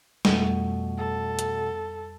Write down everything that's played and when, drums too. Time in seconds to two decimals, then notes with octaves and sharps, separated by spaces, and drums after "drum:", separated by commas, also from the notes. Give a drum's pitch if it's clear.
0.25 F2 B2 G3 A3, drum: snare
0.97 A4
1.39 drum: hi-hat